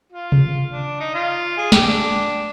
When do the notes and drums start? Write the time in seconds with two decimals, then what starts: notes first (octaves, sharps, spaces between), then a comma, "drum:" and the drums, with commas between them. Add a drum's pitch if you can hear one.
0.12 F4
0.32 drum: tom C3
0.71 D4
1.00 D#4
1.14 F4
1.58 G#4
1.72 G4, drum: snare
1.86 D4